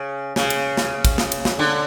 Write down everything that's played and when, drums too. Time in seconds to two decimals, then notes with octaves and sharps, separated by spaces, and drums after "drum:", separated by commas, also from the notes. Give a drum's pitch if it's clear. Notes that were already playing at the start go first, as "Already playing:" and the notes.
Already playing: C#3
0.36 C#3, drum: snare
0.50 drum: cymbal
0.77 drum: snare
1.05 drum: kick, cymbal
1.18 drum: snare
1.32 drum: cymbal
1.45 drum: snare
1.59 D3